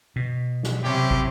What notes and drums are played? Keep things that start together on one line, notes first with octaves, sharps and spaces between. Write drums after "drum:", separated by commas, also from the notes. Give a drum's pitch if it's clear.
B2
drum: snare
C3 F#3 C#4 E4 G4
drum: kick